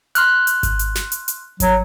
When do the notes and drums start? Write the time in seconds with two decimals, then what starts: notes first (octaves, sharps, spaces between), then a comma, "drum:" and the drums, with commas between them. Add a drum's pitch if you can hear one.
0.15 C6 F6 F#6, drum: hi-hat
0.47 drum: hi-hat
0.63 drum: kick G#1, hi-hat
0.79 drum: hi-hat
0.95 drum: snare
1.12 drum: hi-hat
1.28 drum: hi-hat
1.60 F#3, drum: kick G#1, hi-hat